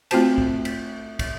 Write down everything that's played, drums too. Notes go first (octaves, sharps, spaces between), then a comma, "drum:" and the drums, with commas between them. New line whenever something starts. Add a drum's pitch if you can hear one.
A3 C4 F4 F#4 C5 A5, drum: cymbal
drum: kick
drum: cymbal
drum: kick, cymbal